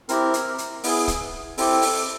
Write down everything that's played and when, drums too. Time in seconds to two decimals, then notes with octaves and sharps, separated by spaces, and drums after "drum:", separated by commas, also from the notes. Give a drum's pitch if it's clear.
0.09 C4 E4 G4 A#4, drum: hi-hat
0.34 drum: hi-hat
0.58 drum: hi-hat
0.84 B3 E4 G#4, drum: open hi-hat
1.08 drum: kick, hi-hat
1.58 C4 E4 G4 A4, drum: open hi-hat
1.82 drum: open hi-hat